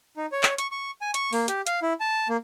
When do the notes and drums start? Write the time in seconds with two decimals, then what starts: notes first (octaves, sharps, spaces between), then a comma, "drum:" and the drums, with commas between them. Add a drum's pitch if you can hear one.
0.17 D#4
0.32 C#5
0.43 drum: clap
0.58 C#6, drum: hi-hat
0.71 C#6
1.01 G#5
1.14 C#6, drum: hi-hat
1.33 A#3, drum: open hi-hat
1.48 G4, drum: hi-hat
1.66 F5, drum: hi-hat
1.82 E4
2.00 A5
2.29 A#3